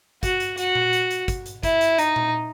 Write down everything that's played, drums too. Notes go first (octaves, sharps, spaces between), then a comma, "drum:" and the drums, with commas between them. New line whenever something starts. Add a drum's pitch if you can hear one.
F#4, drum: kick, hi-hat
drum: hi-hat
F#4, drum: hi-hat
drum: tom A#2
drum: hi-hat
drum: hi-hat
drum: kick, hi-hat
drum: hi-hat
E4, drum: kick, hi-hat
drum: hi-hat
D#4, drum: hi-hat
drum: tom A#2